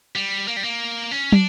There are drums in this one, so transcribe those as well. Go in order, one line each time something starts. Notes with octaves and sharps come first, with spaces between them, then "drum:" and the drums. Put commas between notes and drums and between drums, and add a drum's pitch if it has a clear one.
G3
A#3
G3
A#3
C#4
D4, drum: tom